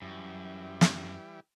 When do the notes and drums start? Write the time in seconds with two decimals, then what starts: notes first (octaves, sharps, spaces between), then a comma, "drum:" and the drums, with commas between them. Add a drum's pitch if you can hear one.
0.02 F#2 E3 G3
0.81 drum: snare